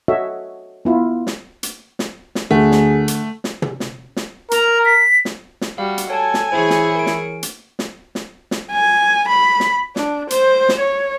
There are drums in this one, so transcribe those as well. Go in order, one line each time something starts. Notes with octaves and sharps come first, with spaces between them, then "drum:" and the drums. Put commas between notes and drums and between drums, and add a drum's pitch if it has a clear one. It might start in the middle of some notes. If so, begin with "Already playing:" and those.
F#4 A4 C#5 D#5 E5
B3 E4 F4
drum: snare
drum: hi-hat
drum: snare
drum: snare
D2 D3 A3 G#4 F#5
drum: snare
drum: hi-hat
drum: snare
drum: tom
drum: snare
drum: snare
A#4 A#5, drum: hi-hat
B6
drum: snare
drum: snare
G3 F#4 F5
drum: hi-hat
A4 C#5 G#5 A5
drum: snare
E3 E4 G#4 C5 C#5
drum: snare
A#4 D7
drum: snare
drum: hi-hat
drum: snare
drum: snare
drum: snare
G#5
B5
drum: snare
D4, drum: snare
C5, drum: hi-hat
drum: snare
C#5